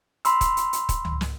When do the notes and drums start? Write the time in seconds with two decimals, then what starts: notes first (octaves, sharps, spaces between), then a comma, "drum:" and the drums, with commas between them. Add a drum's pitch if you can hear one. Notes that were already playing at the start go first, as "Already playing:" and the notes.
0.25 B5 C6 E6, drum: hi-hat
0.41 drum: kick, hi-hat
0.57 drum: hi-hat
0.73 drum: hi-hat
0.89 drum: kick, hi-hat
1.05 drum: tom C#2
1.21 drum: snare